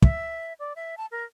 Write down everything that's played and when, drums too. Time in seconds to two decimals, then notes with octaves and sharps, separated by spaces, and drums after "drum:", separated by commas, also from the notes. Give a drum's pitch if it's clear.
0.02 E5, drum: kick
0.59 D5
0.76 E5
0.98 A5
1.11 A#4